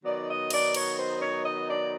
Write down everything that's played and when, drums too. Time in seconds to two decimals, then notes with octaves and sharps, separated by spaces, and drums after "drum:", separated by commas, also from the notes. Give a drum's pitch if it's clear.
0.04 D#3 F#3 B3 D#4 D5
0.28 D#5
0.50 D5, drum: cymbal
0.74 C#5, drum: cymbal
0.97 C5
1.20 C#5
1.43 D#5
1.68 D5